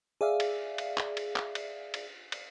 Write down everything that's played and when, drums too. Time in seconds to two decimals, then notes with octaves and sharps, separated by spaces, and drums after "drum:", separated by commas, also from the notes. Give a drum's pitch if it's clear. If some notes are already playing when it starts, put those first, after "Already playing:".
0.21 G#4 D5 E5 F5
0.40 drum: cymbal
0.78 drum: cymbal
0.98 drum: clap
1.17 drum: cymbal
1.36 drum: clap
1.55 drum: cymbal
1.94 drum: cymbal
2.32 drum: cymbal